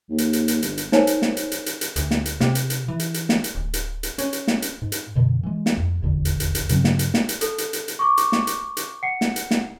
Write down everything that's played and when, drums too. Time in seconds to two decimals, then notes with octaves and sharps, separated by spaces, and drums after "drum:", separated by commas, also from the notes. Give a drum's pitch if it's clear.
0.09 D#2
0.18 drum: hi-hat
0.33 drum: hi-hat
0.48 drum: hi-hat
0.62 G1, drum: hi-hat
0.78 drum: hi-hat
0.92 D#4 A#4 C5 C#5 G#5, drum: snare
1.07 drum: hi-hat
1.22 drum: snare
1.37 drum: hi-hat
1.52 drum: hi-hat
1.66 drum: hi-hat
1.81 drum: hi-hat
1.96 D2, drum: hi-hat
2.11 drum: snare
2.26 drum: hi-hat
2.40 C3, drum: snare
2.55 drum: hi-hat
2.70 drum: hi-hat
2.88 E3
3.00 drum: hi-hat
3.14 drum: hi-hat
3.29 drum: snare
3.44 drum: hi-hat
3.55 D1
3.74 drum: hi-hat
4.03 drum: hi-hat
4.18 C#4, drum: hi-hat
4.33 drum: hi-hat
4.48 drum: snare
4.62 drum: hi-hat
4.82 G#2
4.92 drum: hi-hat
5.15 F#2 B2 D3
5.43 E3 G#3
5.66 drum: snare
5.77 F2
6.02 D#1 G#1 E2 D3
6.25 drum: hi-hat
6.40 drum: hi-hat
6.55 drum: hi-hat
6.69 G2 C#3 F#3 C4, drum: hi-hat
6.84 drum: snare
6.99 drum: hi-hat
7.14 drum: snare
7.29 drum: hi-hat
7.41 A4, drum: hi-hat
7.58 drum: hi-hat
7.73 drum: hi-hat
7.88 drum: hi-hat
7.99 C#6 D6
8.17 drum: hi-hat
8.32 drum: snare
8.47 drum: hi-hat
8.77 drum: hi-hat
9.03 F#5 C7 C#7
9.21 drum: snare
9.36 drum: hi-hat
9.51 drum: snare